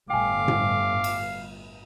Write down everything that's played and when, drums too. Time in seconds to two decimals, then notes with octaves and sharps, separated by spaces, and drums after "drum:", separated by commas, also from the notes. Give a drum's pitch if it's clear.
0.10 G1 A2 F5 G5 G#5 D6
0.48 drum: tom A2
1.04 drum: cymbal